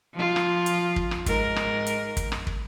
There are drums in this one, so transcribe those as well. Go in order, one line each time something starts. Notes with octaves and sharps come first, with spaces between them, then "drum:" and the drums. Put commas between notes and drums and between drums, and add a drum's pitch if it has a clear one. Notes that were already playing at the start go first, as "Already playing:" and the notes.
F3 F4
drum: rim click
drum: hi-hat
drum: kick
drum: rim click
G#2 A#4, drum: kick, hi-hat
drum: rim click
drum: hi-hat
drum: kick, hi-hat
drum: rim click
drum: kick